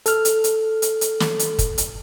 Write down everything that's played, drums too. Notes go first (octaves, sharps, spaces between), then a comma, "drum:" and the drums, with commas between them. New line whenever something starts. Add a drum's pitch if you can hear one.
A4 F6, drum: hi-hat
drum: hi-hat
drum: hi-hat
drum: hi-hat
drum: hi-hat
drum: snare
drum: hi-hat
drum: kick, hi-hat
drum: hi-hat